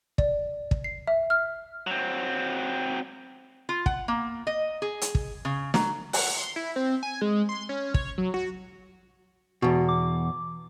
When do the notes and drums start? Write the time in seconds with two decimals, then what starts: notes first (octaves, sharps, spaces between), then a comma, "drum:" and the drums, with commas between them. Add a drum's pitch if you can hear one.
0.18 D5, drum: kick
0.71 drum: kick
0.84 C7
1.07 E5
1.30 F6
1.87 F#3 C4
3.69 F4
3.86 F#5, drum: kick
4.08 A#3
4.47 D#5
4.82 G#4
5.01 drum: hi-hat
5.15 drum: kick
5.45 C#3
5.74 F#3, drum: snare
6.13 F#5, drum: open hi-hat
6.37 C6
6.56 E4
6.76 C4
7.03 G#5
7.21 G#3
7.49 C6
7.69 C#4
7.94 C#5, drum: kick
8.18 F#3
8.34 F#4
9.62 E2 B2 F#4
9.89 D6